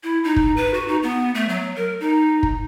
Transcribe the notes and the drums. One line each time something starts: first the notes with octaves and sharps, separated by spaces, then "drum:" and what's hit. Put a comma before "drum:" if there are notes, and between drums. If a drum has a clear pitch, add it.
E4
D#4
drum: kick
B4
F#4
D#4
B3
A3
F#3
A#4
D#4
drum: kick